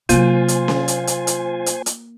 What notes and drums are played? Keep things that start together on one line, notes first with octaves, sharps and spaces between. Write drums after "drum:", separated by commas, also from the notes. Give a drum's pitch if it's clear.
C3 F#3 A#3 F4 C5 G#5, drum: hi-hat
drum: hi-hat
drum: snare C#4
drum: hi-hat
drum: hi-hat
drum: hi-hat
drum: hi-hat
drum: hi-hat